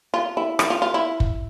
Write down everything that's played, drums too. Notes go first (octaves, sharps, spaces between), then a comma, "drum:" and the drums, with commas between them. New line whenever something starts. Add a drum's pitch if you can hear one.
F4
E4
E4, drum: rim click
F4
F4
E4
drum: kick